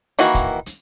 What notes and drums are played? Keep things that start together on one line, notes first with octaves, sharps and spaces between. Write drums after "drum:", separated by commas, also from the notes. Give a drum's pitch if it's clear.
D#3 E3 A#3 E4 F#4
drum: kick, hi-hat
drum: hi-hat